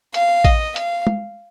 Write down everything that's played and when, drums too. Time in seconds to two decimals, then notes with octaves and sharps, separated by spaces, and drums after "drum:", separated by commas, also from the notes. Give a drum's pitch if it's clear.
0.14 F5, drum: hi-hat
0.45 D#5, drum: kick A1, hi-hat
0.76 F5, drum: hi-hat
1.07 drum: tom